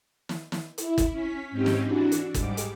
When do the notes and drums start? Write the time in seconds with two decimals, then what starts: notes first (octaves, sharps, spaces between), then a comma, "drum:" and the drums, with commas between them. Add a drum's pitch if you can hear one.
0.29 drum: snare
0.52 drum: snare
0.78 E4, drum: hi-hat
0.98 drum: kick, hi-hat
1.12 C#4 B6
1.51 G#2 C4 C#4 D#4 G4
1.66 drum: snare
1.83 E3 D4 F#4
2.12 drum: hi-hat
2.34 G#2 G3 D6, drum: kick, hi-hat
2.57 drum: hi-hat